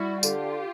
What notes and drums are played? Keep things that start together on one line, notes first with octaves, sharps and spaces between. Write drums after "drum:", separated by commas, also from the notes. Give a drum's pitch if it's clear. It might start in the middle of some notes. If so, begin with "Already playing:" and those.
Already playing: G3 E4 F#4
D3 F4 G4, drum: tambourine